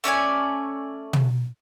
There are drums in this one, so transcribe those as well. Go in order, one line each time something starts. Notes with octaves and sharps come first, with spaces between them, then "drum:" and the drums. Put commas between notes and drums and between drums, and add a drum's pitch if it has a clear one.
A3 C#4 D5 G#5
drum: tom